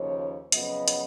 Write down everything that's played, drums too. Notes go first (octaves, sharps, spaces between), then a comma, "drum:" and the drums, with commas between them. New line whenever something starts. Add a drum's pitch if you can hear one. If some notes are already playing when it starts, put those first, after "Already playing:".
Already playing: D#2 C#3 F3 C#5
F2 C#3 F#3 B3 D#5, drum: hi-hat
drum: hi-hat